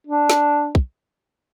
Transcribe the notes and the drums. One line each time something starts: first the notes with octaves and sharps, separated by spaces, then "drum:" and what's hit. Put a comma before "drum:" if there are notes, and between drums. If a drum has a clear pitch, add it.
D4
drum: snare
drum: kick